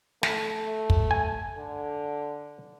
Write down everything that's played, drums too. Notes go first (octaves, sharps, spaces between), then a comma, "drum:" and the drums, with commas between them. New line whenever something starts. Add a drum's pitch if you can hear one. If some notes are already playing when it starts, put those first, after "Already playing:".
A3, drum: snare
drum: kick
G#5
D3